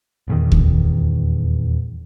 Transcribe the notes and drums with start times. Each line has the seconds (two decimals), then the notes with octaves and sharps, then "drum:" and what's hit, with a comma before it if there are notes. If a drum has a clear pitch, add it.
0.28 D#1 E2 D#3
0.52 drum: kick D2